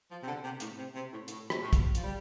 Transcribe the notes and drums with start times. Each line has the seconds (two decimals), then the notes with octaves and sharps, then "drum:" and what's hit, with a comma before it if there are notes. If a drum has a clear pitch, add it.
0.10 F3
0.22 C3
0.27 D3
0.43 C3
0.60 A2, drum: hi-hat
0.77 C3
0.94 C3
1.11 A2
1.28 A2, drum: hi-hat
1.50 drum: rim click
1.61 A2
1.73 drum: kick, hi-hat
1.95 F3, drum: hi-hat
2.04 G3